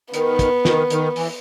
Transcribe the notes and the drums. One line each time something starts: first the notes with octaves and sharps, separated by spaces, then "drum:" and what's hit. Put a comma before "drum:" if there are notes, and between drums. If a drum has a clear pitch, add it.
D#3 B3, drum: hi-hat
drum: kick, hi-hat
D#3, drum: snare
D#3, drum: hi-hat
E3, drum: open hi-hat